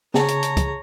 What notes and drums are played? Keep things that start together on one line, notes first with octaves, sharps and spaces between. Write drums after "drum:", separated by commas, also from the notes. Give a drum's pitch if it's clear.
C#3 G#4 C#5 A5 A#5, drum: snare
drum: hi-hat
drum: hi-hat
drum: kick, hi-hat